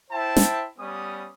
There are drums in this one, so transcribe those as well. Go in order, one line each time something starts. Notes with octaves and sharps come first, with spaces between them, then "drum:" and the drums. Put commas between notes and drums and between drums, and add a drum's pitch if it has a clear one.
E4 C5 E5 G5 A5
drum: snare
G3 B3 C#4 D#6